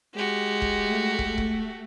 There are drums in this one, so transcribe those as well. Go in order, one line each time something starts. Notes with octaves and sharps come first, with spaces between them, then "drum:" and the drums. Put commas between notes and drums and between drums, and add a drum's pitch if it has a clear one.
G#3 F#4 G4
drum: kick
A3
drum: kick
drum: kick